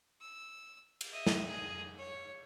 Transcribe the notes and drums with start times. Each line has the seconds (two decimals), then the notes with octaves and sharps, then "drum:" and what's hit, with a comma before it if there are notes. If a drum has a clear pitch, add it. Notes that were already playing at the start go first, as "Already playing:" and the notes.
0.21 E6
1.01 drum: cymbal
1.12 D#5 E5
1.27 drum: snare
1.47 G#4 D#5
1.98 C#5